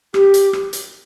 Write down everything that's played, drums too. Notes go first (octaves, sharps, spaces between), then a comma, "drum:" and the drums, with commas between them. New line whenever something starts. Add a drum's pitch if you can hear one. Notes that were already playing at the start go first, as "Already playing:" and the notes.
G4, drum: rim click
drum: hi-hat
drum: rim click
drum: hi-hat